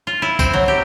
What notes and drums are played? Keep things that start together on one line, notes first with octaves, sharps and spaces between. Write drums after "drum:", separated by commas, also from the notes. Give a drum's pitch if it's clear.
F4
E4
C4, drum: kick, tambourine
F#3
G4